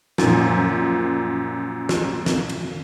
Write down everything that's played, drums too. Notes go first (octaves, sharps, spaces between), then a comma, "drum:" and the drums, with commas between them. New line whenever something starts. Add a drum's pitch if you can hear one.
F#2 A#2 F3, drum: snare
drum: snare
drum: snare
drum: cymbal